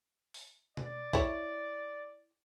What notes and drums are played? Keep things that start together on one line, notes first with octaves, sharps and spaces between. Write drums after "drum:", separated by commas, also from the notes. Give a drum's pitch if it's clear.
drum: open hi-hat
D5, drum: tom B2
E4 C#5, drum: kick